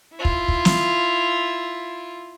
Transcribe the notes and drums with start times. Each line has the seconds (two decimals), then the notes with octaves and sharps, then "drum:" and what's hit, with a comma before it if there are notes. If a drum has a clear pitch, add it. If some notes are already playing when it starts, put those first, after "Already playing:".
0.15 E4 F4
0.25 drum: kick
0.48 drum: kick
0.65 drum: snare